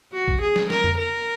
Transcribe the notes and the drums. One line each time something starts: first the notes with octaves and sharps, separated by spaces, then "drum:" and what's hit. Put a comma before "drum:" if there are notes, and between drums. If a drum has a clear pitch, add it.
F#4
drum: kick A#1
G#4
drum: snare
A#4, drum: snare
drum: tom F2
A#4